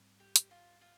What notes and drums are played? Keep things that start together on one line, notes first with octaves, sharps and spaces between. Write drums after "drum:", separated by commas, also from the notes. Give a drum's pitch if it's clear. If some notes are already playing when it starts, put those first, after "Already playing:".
Already playing: G#2 G3 C4
G4
drum: hi-hat
F4
F4